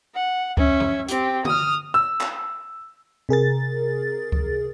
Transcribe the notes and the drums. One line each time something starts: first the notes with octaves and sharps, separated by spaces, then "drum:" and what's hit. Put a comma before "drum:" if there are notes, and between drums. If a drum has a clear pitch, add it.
F#5
C#4 E5, drum: kick C#2
drum: tom F2
C4 G4, drum: hi-hat
D#6 F6, drum: tom
E6
drum: clap
C3 G#4 A#4 A6
drum: kick C#2